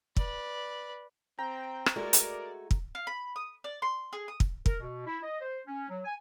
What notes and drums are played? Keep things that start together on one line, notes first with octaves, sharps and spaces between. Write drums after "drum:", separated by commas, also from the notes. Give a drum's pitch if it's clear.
B4 D5, drum: kick
C4 G5 A#5
drum: rim click
G#3 A3 F#4 A#4 D5
drum: hi-hat
drum: kick
F5
B5
D#6
D5
C6
G#4
D#6
drum: kick
A#4, drum: kick
B2
E4
D#5
C5
C#4
F#3
G#5